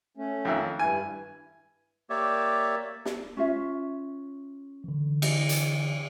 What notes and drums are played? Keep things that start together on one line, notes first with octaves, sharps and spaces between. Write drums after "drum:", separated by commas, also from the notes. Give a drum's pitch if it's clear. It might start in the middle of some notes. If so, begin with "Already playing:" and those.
A3 C#4
F2 D#3 E5
G2 E4 G#5
A#3 G4 C#5 D5 E5
drum: snare
C#4 F4 E5
D3 E3
E4 D5 D#5, drum: cymbal
drum: hi-hat